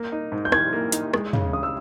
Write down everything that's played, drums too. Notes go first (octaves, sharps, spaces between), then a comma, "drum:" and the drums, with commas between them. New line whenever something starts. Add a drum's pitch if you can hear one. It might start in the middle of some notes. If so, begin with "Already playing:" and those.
Already playing: A#3
D#4
G#2
G6
E3 G#6, drum: rim click
A#3
D#4, drum: hi-hat
G#3, drum: rim click
C#3, drum: tom
C#3 D#6
E6